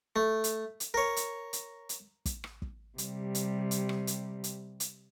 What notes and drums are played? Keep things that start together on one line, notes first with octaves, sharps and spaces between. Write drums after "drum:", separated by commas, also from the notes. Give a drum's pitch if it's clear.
A3
drum: hi-hat
drum: hi-hat
A#4 C#5
drum: hi-hat
drum: hi-hat
drum: hi-hat
drum: kick, hi-hat
drum: rim click
drum: kick
C3 G3, drum: hi-hat
drum: hi-hat
drum: hi-hat
drum: rim click
drum: hi-hat
drum: hi-hat
drum: hi-hat